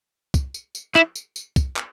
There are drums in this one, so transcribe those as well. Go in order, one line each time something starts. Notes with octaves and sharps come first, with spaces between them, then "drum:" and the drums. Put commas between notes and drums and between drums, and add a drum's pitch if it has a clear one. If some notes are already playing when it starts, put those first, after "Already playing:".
drum: kick, tambourine
drum: tambourine
drum: tambourine
E4, drum: clap
drum: tambourine
drum: tambourine
drum: kick, tambourine
drum: clap